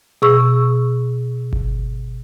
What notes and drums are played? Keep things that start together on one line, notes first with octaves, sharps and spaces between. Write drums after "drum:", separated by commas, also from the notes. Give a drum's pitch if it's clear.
B2 G#4 C#6 E6
drum: kick G1